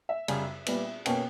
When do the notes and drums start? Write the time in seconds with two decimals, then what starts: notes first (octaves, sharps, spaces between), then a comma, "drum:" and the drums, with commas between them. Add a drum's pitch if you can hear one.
0.09 E5
0.28 F#2 C#3 G3, drum: cymbal
0.66 A#2 G3 B3, drum: cymbal
1.06 B2 A#3 C#4 G5, drum: cymbal